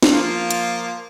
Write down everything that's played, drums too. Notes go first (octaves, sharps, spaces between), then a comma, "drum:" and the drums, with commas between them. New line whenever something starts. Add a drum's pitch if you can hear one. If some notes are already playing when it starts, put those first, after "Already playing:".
drum: snare
F3 A#3 F4
drum: hi-hat